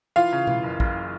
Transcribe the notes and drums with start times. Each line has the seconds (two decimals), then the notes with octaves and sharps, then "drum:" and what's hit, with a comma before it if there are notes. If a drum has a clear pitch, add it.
0.16 E3 F4 F5
0.33 C#3
0.47 E3, drum: tom B2
0.64 F#1
0.80 F#1, drum: kick